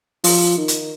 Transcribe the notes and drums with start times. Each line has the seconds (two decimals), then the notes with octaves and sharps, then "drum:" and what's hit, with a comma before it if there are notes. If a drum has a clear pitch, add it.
0.24 F3, drum: open hi-hat
0.57 D#3
0.68 drum: hi-hat